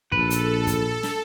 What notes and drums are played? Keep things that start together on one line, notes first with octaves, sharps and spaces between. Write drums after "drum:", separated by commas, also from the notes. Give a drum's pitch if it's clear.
A#1 A4 B4, drum: kick
drum: hi-hat
drum: kick, hi-hat
drum: snare